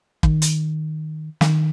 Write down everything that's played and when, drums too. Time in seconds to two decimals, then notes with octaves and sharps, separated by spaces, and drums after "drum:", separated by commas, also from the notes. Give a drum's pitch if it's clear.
0.23 D#3, drum: kick
0.42 drum: hi-hat
1.41 D#3, drum: snare